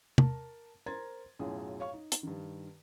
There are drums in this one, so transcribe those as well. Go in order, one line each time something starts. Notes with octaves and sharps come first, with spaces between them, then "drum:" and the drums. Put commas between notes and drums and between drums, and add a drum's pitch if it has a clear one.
A#4 A5, drum: tom
A#4 C5 A#5 C6 G#6 A6
B1 F#2 A2 F4 G#4
C#5 F5 C#6
D#4
drum: hi-hat
G2 D#3